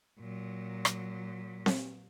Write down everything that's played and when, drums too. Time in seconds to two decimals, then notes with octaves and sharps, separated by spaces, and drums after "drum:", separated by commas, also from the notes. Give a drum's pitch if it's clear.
0.20 A#2 F#3
0.85 drum: rim click
1.66 drum: snare C4